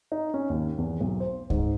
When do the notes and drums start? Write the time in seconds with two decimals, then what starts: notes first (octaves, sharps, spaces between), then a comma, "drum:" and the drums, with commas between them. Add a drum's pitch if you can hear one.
0.12 D#4
0.34 C#4
0.50 D#2
0.78 E2
1.00 B1
1.20 C5
1.50 G#2, drum: kick C#2